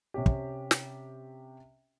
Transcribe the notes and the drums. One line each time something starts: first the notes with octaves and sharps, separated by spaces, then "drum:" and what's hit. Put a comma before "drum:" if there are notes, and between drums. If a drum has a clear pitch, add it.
C3 C#4 G4
drum: kick
drum: snare